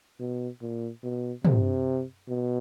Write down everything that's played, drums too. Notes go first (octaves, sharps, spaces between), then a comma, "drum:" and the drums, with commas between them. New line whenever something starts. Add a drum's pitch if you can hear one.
B2
A#2
B2
C3, drum: tom
B2